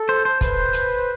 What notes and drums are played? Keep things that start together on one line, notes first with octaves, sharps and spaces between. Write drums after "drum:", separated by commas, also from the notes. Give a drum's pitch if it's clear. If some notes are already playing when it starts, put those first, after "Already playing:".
Already playing: A4
C5
C5
B4 C5, drum: kick, hi-hat
drum: hi-hat